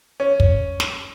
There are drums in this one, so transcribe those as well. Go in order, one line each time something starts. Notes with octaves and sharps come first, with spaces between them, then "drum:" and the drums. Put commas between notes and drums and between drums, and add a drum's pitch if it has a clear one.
C#4
drum: kick
drum: snare